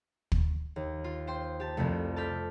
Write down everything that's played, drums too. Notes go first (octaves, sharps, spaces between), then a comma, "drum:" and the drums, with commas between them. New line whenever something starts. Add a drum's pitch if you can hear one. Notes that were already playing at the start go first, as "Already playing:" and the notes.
drum: kick
D#2
F4
C5 G5 C6
G4 A5
C2 F2 C3 F3 A3
A5 D6 F6 G6 B6